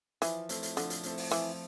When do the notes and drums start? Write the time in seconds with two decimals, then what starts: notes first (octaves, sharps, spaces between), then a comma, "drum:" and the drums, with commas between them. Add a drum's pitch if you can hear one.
0.22 E3 F3, drum: hi-hat
0.49 A3 C4 E4 A4, drum: hi-hat
0.63 drum: hi-hat
0.77 D3 F3, drum: hi-hat
0.90 drum: hi-hat
1.03 A3 C4 E4 A4, drum: hi-hat
1.17 drum: open hi-hat
1.31 E3 F3, drum: hi-hat